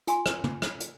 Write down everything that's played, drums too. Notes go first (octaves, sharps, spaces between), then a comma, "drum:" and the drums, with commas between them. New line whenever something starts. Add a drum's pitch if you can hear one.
F4 G#5 C6, drum: hi-hat
drum: rim click
drum: tom
drum: rim click
drum: hi-hat